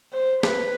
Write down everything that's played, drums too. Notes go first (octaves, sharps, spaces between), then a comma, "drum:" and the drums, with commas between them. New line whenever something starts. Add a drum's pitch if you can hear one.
C5
B4, drum: snare